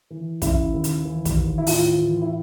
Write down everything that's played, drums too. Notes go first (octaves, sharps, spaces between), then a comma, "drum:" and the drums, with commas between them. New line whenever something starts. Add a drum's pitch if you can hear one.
E3
C#3 E4, drum: kick, hi-hat
D#2
drum: hi-hat
E3
drum: kick, hi-hat
D#2
E4
A2 F4, drum: open hi-hat
E3
E4